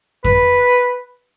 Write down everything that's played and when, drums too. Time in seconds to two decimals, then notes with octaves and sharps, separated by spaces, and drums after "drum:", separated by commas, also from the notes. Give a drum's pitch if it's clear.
0.24 B4, drum: kick F2